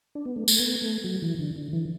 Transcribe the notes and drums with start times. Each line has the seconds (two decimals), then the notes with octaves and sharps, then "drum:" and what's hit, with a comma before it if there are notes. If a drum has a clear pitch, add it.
0.15 D4
0.25 B3
0.36 A3
0.48 A3, drum: tambourine
0.59 B3
0.82 A3
1.04 F#3
1.22 E3
1.39 D3
1.56 D3
1.73 E3